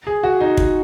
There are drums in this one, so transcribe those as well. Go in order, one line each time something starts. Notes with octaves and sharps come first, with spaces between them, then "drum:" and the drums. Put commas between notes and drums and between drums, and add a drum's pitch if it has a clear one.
G#4
F#4
D#4
drum: kick